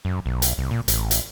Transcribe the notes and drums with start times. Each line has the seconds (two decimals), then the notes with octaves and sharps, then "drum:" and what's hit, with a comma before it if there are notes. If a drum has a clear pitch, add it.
0.05 F#2
0.26 B1
0.42 drum: hi-hat
0.58 C2
0.71 A#2
0.88 A1, drum: hi-hat
1.11 drum: hi-hat